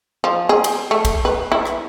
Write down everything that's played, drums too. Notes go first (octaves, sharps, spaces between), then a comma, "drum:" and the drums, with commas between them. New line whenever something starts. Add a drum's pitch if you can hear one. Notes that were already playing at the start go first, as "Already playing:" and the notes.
F3
G#4
drum: cymbal
A3
drum: kick, cymbal
B4
E4
drum: rim click